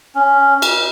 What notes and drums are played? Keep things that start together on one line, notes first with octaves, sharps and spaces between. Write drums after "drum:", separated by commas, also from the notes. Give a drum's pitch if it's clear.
C#4
drum: cymbal